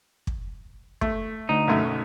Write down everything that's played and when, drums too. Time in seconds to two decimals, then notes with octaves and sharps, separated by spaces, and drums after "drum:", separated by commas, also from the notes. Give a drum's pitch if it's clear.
0.27 drum: kick
1.01 A3, drum: kick
1.49 D2 D#4
1.68 B1 F#2 A3